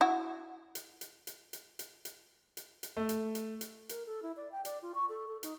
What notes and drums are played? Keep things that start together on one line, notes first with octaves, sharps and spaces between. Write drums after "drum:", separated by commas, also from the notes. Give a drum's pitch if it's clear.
E4 F#4
drum: hi-hat
drum: hi-hat
drum: hi-hat
drum: hi-hat
drum: hi-hat
drum: hi-hat
drum: hi-hat
drum: hi-hat
A3
drum: hi-hat
drum: hi-hat
drum: hi-hat
A#4, drum: hi-hat
A4
E4
D5
G5
D5, drum: hi-hat
F4
C#6
A4
A4
D#4, drum: hi-hat